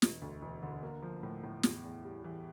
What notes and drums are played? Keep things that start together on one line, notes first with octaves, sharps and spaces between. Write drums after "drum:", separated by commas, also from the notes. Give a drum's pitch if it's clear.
E1, drum: snare
D2
E1
D3
A#3
F3
A2
A2
E2, drum: snare
E2
G3
E3